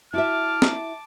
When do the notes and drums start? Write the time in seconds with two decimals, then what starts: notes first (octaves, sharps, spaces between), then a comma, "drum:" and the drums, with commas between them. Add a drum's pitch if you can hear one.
0.14 E4 F#4 E5 A5 D6 F6
0.62 drum: snare